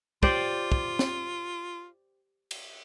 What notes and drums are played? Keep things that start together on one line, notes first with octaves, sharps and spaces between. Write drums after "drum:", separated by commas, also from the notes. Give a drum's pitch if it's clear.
F4 G4 C5 D5, drum: kick
drum: kick
drum: snare
drum: cymbal